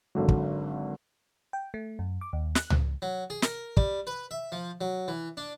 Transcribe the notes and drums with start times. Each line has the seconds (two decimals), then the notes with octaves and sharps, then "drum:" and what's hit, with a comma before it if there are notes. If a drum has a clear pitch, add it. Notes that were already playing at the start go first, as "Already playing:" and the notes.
0.15 G#1 D3 F#3
0.28 drum: kick
1.53 G5
1.74 A3
1.99 F#2
2.21 D6
2.33 D#2
2.55 F#6, drum: snare
2.70 drum: tom C#2
3.02 F#3
3.30 G#4
3.42 A#4, drum: snare
3.77 G3, drum: kick
4.07 B4
4.31 E5
4.52 F3
4.81 F#3
5.08 E3
5.37 D4